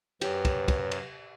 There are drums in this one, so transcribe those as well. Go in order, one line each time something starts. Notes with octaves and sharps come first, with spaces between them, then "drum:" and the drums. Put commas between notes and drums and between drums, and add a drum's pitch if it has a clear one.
F#2 G4 B4 C#5, drum: cymbal
drum: kick, cymbal
drum: kick, cymbal
drum: cymbal